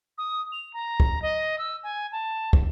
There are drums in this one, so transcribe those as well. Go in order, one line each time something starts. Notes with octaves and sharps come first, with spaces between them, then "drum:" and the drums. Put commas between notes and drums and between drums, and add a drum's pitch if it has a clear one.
D#6
F7
A#5
drum: kick
D#5
E6
G#5
A5
drum: kick